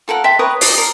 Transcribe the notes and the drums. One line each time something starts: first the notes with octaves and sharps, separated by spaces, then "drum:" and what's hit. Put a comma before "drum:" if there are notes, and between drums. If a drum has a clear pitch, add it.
F4 A4 A#4 F#5
E5 G5 A5 C6
A#4 B4 C#5 D#6
D#4 D5 D6 D#6, drum: open hi-hat
A#4